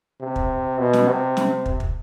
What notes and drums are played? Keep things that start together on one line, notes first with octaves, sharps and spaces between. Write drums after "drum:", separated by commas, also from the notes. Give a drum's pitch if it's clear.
C3
drum: kick
B2
drum: snare
C3
drum: snare
drum: kick
drum: kick